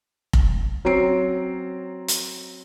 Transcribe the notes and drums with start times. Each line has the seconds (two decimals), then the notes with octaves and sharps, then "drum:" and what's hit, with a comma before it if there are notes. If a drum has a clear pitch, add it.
0.33 drum: kick F1
0.85 F#3 C4 C#4 A#5 C7 D7
2.08 drum: hi-hat